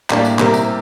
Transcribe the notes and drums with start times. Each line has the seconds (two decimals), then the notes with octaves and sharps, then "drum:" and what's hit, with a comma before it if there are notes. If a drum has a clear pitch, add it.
0.10 A2 G3 A#3 D4 G4, drum: clap
0.25 drum: tambourine
0.39 C3 G3 C4 E4 A#4, drum: clap
0.54 drum: tambourine